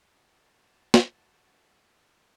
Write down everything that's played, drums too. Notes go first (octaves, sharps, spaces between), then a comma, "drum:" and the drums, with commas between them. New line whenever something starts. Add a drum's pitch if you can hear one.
F#4 A5
drum: snare